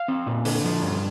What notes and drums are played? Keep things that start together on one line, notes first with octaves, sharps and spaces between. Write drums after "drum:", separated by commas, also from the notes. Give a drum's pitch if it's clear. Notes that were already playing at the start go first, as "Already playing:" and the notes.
Already playing: F5
C4
A#2
D3, drum: open hi-hat
F3
G2